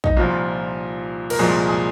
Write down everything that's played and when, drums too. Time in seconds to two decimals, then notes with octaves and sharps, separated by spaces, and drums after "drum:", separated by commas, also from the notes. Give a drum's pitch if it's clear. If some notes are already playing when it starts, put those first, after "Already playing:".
0.04 D#4, drum: kick
0.17 C2 A#2 F3 F4
1.30 A#4, drum: cymbal
1.39 C2 A#2 F3 G#3 G#4
1.69 G#4